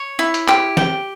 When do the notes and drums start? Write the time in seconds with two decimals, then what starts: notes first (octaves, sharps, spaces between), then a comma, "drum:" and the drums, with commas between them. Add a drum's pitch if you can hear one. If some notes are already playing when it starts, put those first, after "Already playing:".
Already playing: C#5
0.19 E4
0.34 drum: hi-hat
0.48 G4, drum: clap
0.77 G5, drum: snare